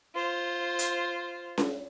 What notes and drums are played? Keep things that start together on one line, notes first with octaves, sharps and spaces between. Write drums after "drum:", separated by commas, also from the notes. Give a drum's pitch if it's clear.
F4 C5
drum: hi-hat
drum: snare C#4